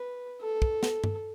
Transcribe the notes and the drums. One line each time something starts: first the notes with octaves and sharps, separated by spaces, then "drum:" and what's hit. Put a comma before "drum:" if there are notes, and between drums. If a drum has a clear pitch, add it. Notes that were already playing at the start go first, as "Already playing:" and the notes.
Already playing: B4
A4
drum: kick
drum: snare
drum: tom G2